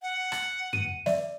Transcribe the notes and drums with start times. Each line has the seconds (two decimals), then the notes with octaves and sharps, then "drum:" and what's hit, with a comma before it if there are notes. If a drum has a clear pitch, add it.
0.02 F#5
0.32 drum: rim click
0.73 D#7, drum: tom F#2
1.06 D5 E5, drum: snare